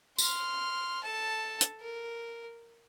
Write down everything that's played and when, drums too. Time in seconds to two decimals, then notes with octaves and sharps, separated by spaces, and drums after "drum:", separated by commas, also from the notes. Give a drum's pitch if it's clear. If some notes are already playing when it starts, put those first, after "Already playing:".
0.19 C6 F6, drum: tambourine
1.03 A4 A5
1.61 drum: hi-hat
1.81 A#4